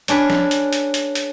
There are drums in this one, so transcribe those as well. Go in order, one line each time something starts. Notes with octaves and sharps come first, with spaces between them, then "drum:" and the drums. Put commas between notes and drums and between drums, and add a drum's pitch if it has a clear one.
C#4 D4 G#4 B4, drum: hi-hat
drum: snare
drum: hi-hat
drum: hi-hat
drum: hi-hat
drum: hi-hat